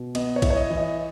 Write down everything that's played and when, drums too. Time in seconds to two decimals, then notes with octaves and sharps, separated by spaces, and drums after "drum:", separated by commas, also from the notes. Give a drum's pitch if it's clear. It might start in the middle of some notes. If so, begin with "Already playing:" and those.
Already playing: B2
0.15 B3 D#5, drum: cymbal
0.36 C#5
0.42 E4, drum: kick B1, cymbal
0.50 C#5
0.56 D#5
0.70 E3
0.77 D#5